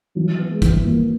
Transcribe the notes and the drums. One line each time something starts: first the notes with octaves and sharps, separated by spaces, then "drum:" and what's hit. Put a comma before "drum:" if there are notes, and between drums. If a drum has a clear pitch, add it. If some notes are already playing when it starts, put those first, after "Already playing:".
E3 F#3
B3
G#3
E3, drum: kick, hi-hat
E3 A#3